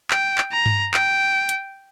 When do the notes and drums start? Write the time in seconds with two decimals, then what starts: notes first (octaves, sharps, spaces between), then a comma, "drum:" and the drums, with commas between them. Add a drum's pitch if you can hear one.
0.11 G5, drum: clap
0.38 drum: clap
0.52 A#5
0.66 drum: tom G2
0.94 G5, drum: clap
1.49 drum: hi-hat